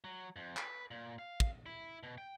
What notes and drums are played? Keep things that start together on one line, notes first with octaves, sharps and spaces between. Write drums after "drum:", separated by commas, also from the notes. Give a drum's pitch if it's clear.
F#3
F2
B4, drum: clap
A#2
F5
drum: kick
E4
B2
G5